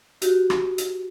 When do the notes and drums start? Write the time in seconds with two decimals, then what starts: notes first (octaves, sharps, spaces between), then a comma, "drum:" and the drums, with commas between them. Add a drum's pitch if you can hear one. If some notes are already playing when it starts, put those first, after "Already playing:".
0.22 F#4 G4, drum: hi-hat
0.50 drum: rim click
0.78 drum: hi-hat